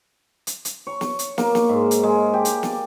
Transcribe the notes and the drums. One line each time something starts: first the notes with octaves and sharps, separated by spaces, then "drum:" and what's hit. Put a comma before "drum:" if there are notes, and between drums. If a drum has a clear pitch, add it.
drum: hi-hat
drum: hi-hat
C#5
drum: snare
drum: hi-hat
A#3, drum: snare
drum: snare
G#2
drum: hi-hat
G#3
G4
drum: hi-hat
D5, drum: snare